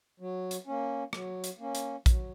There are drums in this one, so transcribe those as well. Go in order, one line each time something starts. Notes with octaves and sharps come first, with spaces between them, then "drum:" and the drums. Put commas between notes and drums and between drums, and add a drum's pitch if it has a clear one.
F#3
drum: hi-hat
A#3 C#4
F#3, drum: rim click
drum: hi-hat
A#3 C#4
drum: hi-hat
F#3, drum: kick A#1, hi-hat